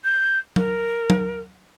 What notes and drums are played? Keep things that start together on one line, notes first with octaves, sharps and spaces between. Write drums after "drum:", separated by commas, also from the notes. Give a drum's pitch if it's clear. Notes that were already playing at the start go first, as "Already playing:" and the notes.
G6
A#4, drum: tom F#3
drum: tom F#3